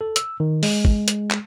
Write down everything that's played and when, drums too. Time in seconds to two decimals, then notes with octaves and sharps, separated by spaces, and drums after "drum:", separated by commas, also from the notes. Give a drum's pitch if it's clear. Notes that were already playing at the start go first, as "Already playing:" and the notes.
0.01 A4
0.16 E6, drum: hi-hat
0.40 D#3
0.63 G#3, drum: open hi-hat
0.85 drum: kick
1.08 drum: hi-hat
1.31 drum: clap